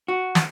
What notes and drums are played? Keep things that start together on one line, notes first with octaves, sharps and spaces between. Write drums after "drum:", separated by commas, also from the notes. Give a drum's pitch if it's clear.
F#4
drum: snare